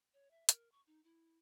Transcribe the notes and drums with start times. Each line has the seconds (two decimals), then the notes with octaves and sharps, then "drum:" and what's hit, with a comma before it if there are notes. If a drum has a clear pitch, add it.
0.14 C#5
0.31 E5
0.49 A#4, drum: hi-hat
0.72 C#6
0.87 D#4
1.04 E4